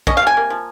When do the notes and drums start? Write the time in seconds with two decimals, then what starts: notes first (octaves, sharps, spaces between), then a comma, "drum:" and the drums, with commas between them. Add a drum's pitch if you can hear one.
0.07 C#4 D#5, drum: kick
0.17 F5
0.22 C3 G#5
0.37 A#3
0.50 F3